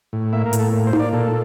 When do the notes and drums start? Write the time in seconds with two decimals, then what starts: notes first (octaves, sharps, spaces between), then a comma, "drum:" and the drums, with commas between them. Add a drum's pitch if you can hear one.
0.13 A2
0.33 A#3 E5
0.46 A#4
0.53 A2, drum: hi-hat
0.59 A4
0.73 A#3
0.87 C5
0.93 A#3, drum: tom D#4
1.00 D5
1.13 A#2 A4